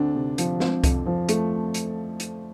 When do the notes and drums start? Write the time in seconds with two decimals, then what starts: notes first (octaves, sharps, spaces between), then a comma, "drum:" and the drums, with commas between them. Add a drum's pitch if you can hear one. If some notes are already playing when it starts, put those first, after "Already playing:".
Already playing: D2 C4 D4
0.16 C3
0.38 F3, drum: hi-hat
0.60 C4, drum: snare
0.84 F2, drum: kick C2, hi-hat
1.06 F3
1.29 A3, drum: hi-hat
1.74 drum: hi-hat
2.20 drum: hi-hat